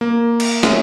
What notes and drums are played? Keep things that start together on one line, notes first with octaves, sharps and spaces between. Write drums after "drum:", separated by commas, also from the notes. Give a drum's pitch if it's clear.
A#3
drum: cymbal
G#3 C#4, drum: snare